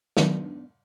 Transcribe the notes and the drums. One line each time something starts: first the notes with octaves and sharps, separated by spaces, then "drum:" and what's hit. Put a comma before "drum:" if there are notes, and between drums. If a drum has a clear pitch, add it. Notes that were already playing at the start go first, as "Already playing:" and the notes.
D#3 F#3 B3 D4, drum: snare